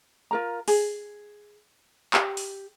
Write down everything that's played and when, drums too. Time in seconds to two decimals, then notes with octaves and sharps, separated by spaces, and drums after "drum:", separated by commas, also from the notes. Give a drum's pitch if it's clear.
0.31 F4 A#4 A#5
0.68 G#4, drum: open hi-hat
2.13 G4, drum: clap
2.37 drum: open hi-hat